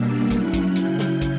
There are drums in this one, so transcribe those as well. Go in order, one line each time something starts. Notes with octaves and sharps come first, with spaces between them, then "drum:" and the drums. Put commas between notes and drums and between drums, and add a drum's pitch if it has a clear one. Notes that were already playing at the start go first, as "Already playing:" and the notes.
Already playing: B2 G3 A#3 D4 E6
F#3 C#4 E4 F#6, drum: kick, hi-hat
drum: kick, hi-hat
C#3 F#3 C#4 E4 G6, drum: hi-hat
drum: snare
drum: kick, hi-hat